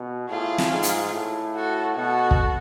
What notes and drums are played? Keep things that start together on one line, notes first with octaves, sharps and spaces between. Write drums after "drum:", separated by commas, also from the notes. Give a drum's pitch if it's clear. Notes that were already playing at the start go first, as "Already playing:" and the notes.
Already playing: B2
A2 F4 G#4
drum: snare
G#2
drum: hi-hat
A2
F#4 A4
B2 F#4 A4
drum: kick